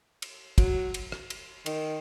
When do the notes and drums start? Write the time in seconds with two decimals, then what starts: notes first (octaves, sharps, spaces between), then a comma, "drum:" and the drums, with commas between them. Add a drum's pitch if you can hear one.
0.22 drum: cymbal
0.58 F#3, drum: kick, cymbal
0.94 drum: cymbal
1.12 drum: rim click
1.30 drum: cymbal
1.66 D#3, drum: cymbal